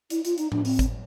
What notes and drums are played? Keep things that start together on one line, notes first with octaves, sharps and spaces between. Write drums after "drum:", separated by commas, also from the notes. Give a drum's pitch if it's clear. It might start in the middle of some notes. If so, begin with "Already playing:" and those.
E4, drum: hi-hat
F4, drum: hi-hat
D#4, drum: hi-hat
D4, drum: tom A2
C4, drum: open hi-hat
drum: kick G#1, hi-hat